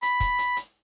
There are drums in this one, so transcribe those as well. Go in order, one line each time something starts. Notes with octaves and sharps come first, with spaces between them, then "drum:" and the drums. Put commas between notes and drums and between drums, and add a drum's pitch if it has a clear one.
B5, drum: hi-hat
drum: kick, hi-hat
drum: hi-hat
drum: hi-hat